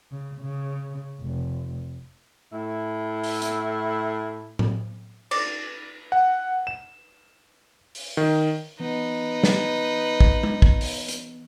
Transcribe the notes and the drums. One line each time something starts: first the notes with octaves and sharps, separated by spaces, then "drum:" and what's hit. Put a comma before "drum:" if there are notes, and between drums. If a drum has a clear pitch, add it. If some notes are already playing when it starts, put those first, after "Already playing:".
C#3
C#3
F1
A2 E4
drum: open hi-hat
drum: hi-hat
drum: tom A2
D5, drum: cymbal
F#5
E7
drum: open hi-hat
D#3
E3 B3 D#4 B4
drum: snare
drum: kick
drum: tom G#3
drum: kick
drum: open hi-hat
drum: hi-hat